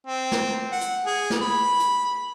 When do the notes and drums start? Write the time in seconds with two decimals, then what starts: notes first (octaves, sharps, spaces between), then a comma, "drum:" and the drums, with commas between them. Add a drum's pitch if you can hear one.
0.07 C4
0.32 drum: snare
0.72 F#5
0.81 drum: hi-hat
1.06 G#4
1.30 drum: snare
1.42 B5
1.80 drum: hi-hat